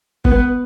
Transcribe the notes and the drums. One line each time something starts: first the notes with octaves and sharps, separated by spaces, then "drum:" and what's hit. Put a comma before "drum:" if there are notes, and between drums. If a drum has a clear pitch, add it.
B3, drum: kick F#1